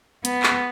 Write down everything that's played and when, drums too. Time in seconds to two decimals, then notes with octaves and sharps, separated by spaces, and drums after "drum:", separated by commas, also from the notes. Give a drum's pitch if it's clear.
0.25 B3, drum: hi-hat
0.43 drum: clap